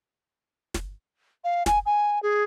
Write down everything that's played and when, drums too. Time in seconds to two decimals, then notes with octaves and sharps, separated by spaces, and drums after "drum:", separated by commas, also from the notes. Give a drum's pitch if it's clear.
0.74 drum: snare
1.44 F5
1.66 G#5, drum: snare
1.86 G#5
2.23 G#4